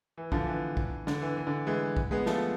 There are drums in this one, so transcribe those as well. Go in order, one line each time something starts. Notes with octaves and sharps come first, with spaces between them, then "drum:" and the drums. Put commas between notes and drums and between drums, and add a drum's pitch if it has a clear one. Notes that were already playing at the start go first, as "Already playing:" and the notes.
E3
D3 F3, drum: kick
E3
drum: kick
D3, drum: snare
E3
E3
D3
E3 G#3
drum: kick
G#3 B3
F3 A3, drum: snare